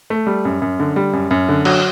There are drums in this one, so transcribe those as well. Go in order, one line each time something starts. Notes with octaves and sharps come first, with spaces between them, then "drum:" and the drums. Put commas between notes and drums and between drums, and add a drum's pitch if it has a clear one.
A3
G3
F#2
F#2
D3
G3
F#2
F#2
D3
F#3, drum: cymbal